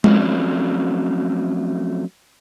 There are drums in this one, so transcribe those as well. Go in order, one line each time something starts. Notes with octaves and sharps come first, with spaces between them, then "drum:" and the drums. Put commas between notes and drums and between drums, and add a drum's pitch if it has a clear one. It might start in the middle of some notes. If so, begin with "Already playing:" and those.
F3 F#3 A3 C4 C#4 D5, drum: tom G#3